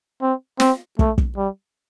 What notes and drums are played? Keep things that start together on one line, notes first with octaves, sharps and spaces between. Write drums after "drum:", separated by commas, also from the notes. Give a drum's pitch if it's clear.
C4
C4, drum: snare
A3, drum: kick
drum: kick
G3